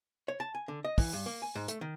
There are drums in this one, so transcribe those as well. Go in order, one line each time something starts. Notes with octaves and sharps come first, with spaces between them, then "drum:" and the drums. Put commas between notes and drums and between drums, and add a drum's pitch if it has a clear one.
C#5
A5
G#5
D3
D#5
E3, drum: kick, open hi-hat
G2
A#3
G#5
G#2
A3, drum: hi-hat
D#3